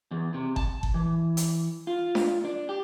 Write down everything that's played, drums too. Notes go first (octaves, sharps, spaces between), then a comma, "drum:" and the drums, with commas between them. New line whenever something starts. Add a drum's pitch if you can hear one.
E2
C3
A5, drum: kick G1
drum: kick G1
E3
drum: hi-hat
F4
drum: snare D4
D4
G4